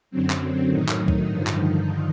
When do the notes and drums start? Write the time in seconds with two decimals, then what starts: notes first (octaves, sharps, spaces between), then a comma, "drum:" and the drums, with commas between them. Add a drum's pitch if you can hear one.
0.11 F#2 D3 F#3 C4
0.30 drum: clap
0.69 A2 D#3 F#3 D#4
0.89 drum: clap
1.08 drum: kick C2
1.28 G2 D3 F3
1.47 drum: clap